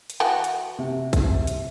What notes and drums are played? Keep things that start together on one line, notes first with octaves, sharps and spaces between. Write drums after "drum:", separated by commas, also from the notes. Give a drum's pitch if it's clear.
drum: hi-hat
E3 F#4 A4 G5
drum: hi-hat
C3
drum: kick, hi-hat
drum: hi-hat